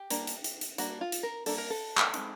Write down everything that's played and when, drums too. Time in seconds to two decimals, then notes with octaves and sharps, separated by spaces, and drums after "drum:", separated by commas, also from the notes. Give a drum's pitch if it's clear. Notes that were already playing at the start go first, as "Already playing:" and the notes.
Already playing: G4
0.10 G3 A#3 D4, drum: hi-hat
0.27 drum: hi-hat
0.44 drum: hi-hat
0.61 drum: hi-hat
0.78 G3 A#3 D4 F#4, drum: hi-hat
1.01 F4
1.12 drum: hi-hat
1.23 A#4
1.46 G3 A#3 D4 A4, drum: open hi-hat
1.58 A#4
1.70 A4
1.97 drum: clap
2.14 G#3 C4 D#4, drum: hi-hat